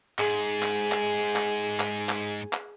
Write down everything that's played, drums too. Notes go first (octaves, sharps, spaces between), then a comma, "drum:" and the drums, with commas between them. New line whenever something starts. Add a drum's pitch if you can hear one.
G#2 G#4, drum: clap
drum: clap
drum: clap
drum: clap
drum: clap
drum: clap
drum: clap